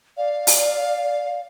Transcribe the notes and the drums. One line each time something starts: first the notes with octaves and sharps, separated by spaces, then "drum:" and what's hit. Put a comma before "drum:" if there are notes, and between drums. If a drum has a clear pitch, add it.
D5 F5
drum: open hi-hat